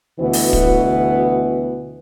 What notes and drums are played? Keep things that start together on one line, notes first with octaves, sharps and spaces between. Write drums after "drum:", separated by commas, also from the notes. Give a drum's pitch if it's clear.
D2 B2 E3 B3
drum: open hi-hat
drum: kick